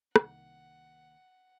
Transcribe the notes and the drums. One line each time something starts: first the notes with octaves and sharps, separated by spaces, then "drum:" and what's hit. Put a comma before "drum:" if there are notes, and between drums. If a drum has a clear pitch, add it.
C2 D#3 A#3 F#5, drum: rim click